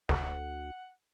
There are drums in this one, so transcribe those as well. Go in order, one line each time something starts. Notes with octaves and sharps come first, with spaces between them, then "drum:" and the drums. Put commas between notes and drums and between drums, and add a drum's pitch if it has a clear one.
D2 F#5, drum: snare